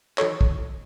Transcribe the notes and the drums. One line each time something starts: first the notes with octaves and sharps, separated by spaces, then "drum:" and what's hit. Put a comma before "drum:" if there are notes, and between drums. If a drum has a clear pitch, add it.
E3 F#3 D#4 A4 C#5, drum: clap
drum: kick